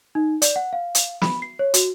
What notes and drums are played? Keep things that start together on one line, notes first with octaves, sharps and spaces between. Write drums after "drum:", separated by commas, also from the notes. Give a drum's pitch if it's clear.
D#4
D5, drum: hi-hat
F#5
F5
drum: hi-hat
B5, drum: snare
C7
C#5
F#4, drum: hi-hat